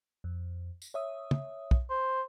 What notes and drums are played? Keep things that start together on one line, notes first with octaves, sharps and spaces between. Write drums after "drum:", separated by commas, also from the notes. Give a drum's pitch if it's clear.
F2
drum: tambourine
C#5 E5 D#6
drum: tom
drum: kick
C5